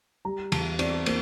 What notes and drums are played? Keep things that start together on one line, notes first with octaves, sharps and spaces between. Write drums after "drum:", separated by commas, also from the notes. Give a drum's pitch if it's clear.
G3 A#5
E2 A5, drum: cymbal
C4 D5, drum: cymbal
A#3 C5, drum: cymbal